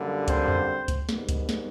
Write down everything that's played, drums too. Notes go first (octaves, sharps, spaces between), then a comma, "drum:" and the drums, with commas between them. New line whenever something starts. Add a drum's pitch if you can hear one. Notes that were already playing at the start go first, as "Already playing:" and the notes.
Already playing: F#2 D3 G3 A#3
C4 C5, drum: kick C#2, hi-hat
drum: tom E2
drum: kick C#2, hi-hat
G#2 D#3 G3 B3, drum: snare
drum: kick C#2, hi-hat
drum: snare